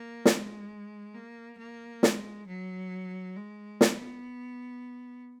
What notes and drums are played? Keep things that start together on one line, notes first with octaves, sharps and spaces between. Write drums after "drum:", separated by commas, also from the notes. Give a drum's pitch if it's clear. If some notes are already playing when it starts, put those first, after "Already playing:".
Already playing: A#3
G#3, drum: snare
A#3
A#3
G#3, drum: snare
F#3
G#3
B3, drum: snare